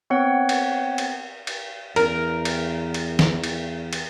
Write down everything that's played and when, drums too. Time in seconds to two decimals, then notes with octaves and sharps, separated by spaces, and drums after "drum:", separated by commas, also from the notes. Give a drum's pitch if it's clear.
0.10 B3 C4 C#5 F#5
0.49 drum: cymbal
0.98 drum: cymbal
1.47 drum: cymbal
1.96 E2 A#4, drum: cymbal
2.45 drum: cymbal
2.94 drum: cymbal
3.19 drum: snare
3.43 drum: cymbal
3.93 drum: cymbal